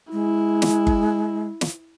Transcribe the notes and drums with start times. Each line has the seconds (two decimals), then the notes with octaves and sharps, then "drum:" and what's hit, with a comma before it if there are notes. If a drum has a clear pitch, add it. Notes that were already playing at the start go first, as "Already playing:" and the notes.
0.12 G#3 E4
0.62 drum: snare
0.87 drum: kick G1
1.61 drum: snare